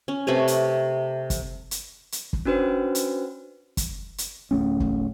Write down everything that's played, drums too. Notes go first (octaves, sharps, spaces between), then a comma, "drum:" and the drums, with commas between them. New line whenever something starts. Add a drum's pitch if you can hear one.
C#4
C3 A3 B4 C#5
drum: hi-hat
drum: kick, hi-hat
drum: hi-hat
drum: hi-hat
drum: kick
C#4 D4 F#4 B4 C5
drum: hi-hat
drum: kick, hi-hat
drum: hi-hat
D1 A2 A3 C#4
drum: kick